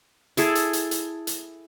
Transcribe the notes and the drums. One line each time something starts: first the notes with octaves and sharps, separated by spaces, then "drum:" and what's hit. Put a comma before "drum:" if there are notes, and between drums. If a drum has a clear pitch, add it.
E4 G#4 A4, drum: hi-hat
drum: hi-hat
drum: hi-hat
drum: hi-hat
drum: hi-hat